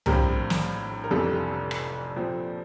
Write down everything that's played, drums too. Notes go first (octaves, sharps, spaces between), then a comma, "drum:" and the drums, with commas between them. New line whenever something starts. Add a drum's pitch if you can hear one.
A#1 A2 G3 C4 A#4, drum: tom C2
drum: snare
A#4
F1 F2 C3 E3 G3 A4
drum: rim click
A#2 F3 C4